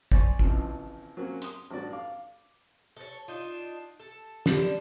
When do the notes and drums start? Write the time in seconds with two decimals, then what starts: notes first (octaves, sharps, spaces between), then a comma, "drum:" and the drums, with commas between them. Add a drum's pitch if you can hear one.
0.12 D5 G#5 C6 C#6, drum: kick
0.39 G#1 C#3 E3 F3, drum: kick
1.17 F#3 A#3 C4 C#4
1.42 C6 D#6, drum: hi-hat
1.71 A1 G2 F#4 D5
1.92 F5 D6
2.97 A4 C#5
3.28 D4 D#4 F4
4.00 A4
4.46 D3 G3 D4, drum: snare